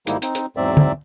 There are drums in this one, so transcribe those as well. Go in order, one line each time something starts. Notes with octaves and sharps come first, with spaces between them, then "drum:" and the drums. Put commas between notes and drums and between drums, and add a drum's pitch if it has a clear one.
G#2 D#3 G3 A#3 D#4 E4, drum: hi-hat
C4 D#4, drum: hi-hat
drum: hi-hat
E2 G#2 F#3 C4 D5 E5
drum: tom